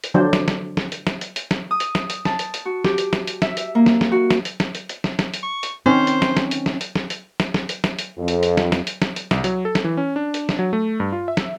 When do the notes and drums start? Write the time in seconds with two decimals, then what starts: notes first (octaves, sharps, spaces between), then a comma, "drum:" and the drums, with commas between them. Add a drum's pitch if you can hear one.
0.04 drum: hi-hat
0.14 D3 F3 F#3 D4 C5
0.33 drum: snare
0.48 drum: snare
0.77 drum: snare
0.92 drum: hi-hat
1.07 drum: snare
1.21 drum: hi-hat
1.36 drum: hi-hat
1.51 drum: snare
1.71 D#6
1.80 drum: hi-hat
1.95 drum: snare
2.10 drum: hi-hat
2.25 A5, drum: snare
2.39 drum: hi-hat
2.54 drum: hi-hat
2.66 F#4
2.85 G4, drum: snare
2.98 drum: hi-hat
3.13 drum: snare
3.27 drum: hi-hat
3.42 E5, drum: snare
3.57 drum: hi-hat
3.75 A#3
3.86 drum: snare
4.01 drum: snare
4.12 F#4
4.31 drum: snare
4.45 drum: hi-hat
4.60 drum: snare
4.75 drum: hi-hat
4.89 drum: hi-hat
5.04 drum: snare
5.19 drum: snare
5.34 drum: hi-hat
5.43 C#6
5.63 drum: hi-hat
5.86 D#3 C4 C#4 C5
6.07 drum: hi-hat
6.22 drum: snare
6.37 drum: snare
6.51 drum: hi-hat
6.66 drum: snare
6.81 drum: hi-hat
6.96 drum: snare
7.10 drum: hi-hat
7.40 drum: snare
7.54 drum: snare
7.69 drum: hi-hat
7.84 drum: snare
7.99 drum: hi-hat
8.18 F2
8.28 drum: hi-hat
8.43 drum: hi-hat
8.57 drum: snare
8.72 drum: snare
8.87 drum: hi-hat
9.02 drum: snare
9.16 drum: hi-hat
9.31 C2, drum: snare
9.44 F#3, drum: hi-hat
9.65 A4
9.75 drum: snare
9.84 E3
9.97 C#4
10.16 D4
10.34 drum: hi-hat
10.49 drum: snare
10.59 F#3
10.73 A3
11.00 G2
11.12 F4
11.28 E5
11.37 drum: snare